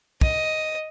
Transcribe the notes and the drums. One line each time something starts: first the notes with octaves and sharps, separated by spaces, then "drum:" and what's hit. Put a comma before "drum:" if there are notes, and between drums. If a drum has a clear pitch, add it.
D#5, drum: kick